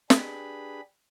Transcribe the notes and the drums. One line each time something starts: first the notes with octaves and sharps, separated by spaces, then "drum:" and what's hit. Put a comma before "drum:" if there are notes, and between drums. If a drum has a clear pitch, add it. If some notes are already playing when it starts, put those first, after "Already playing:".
D4 G4 G#4 B4 B5, drum: snare